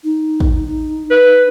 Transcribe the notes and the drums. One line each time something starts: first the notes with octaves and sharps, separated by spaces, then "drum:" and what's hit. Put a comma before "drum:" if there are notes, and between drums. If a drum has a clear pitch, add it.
D#4
drum: kick
B4